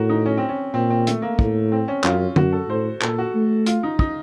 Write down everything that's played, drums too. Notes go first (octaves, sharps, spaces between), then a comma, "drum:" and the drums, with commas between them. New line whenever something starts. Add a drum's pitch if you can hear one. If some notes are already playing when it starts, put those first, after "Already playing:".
Already playing: A2 F#4 A#4
D#4
C#4
C4
C#4
A#2 C4
C4
A3, drum: hi-hat
A#3
A2, drum: kick
C4
C#4
F#2 F4, drum: clap
F#2 F#4, drum: tom D3
A4
A2 C5
A#2 A4, drum: clap
F#4
A3
F4, drum: hi-hat
D#4
D#4, drum: kick